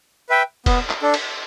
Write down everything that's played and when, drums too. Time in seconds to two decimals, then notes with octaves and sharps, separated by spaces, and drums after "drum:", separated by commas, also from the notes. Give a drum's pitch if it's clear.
0.29 B4 E5 G5
0.66 B3, drum: kick E1, cymbal
0.90 drum: clap
1.02 D4 A4
1.14 drum: cymbal